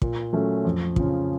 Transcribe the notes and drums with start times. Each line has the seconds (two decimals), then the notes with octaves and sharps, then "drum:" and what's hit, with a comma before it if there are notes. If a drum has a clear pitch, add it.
0.02 A#2, drum: kick
0.33 F#3 A3 C#4
0.65 F2
0.96 C#3 F3, drum: kick